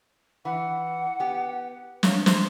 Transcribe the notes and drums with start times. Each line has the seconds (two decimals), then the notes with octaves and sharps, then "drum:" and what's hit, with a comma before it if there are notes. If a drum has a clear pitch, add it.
0.45 E3 F#5
1.20 B3 G4
2.03 F3 D4 C#5, drum: snare
2.26 C5, drum: snare